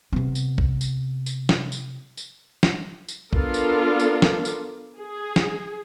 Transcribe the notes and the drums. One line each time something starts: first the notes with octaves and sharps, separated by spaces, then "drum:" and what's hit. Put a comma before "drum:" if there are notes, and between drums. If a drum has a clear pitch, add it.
C3 B3
drum: tambourine
drum: kick
drum: tambourine
drum: tambourine
drum: snare
drum: tambourine
drum: tambourine
drum: snare
drum: tambourine
B3 D4 F4 A4 A#4, drum: kick
drum: tambourine
drum: tambourine
drum: snare
drum: tambourine
G#4
drum: snare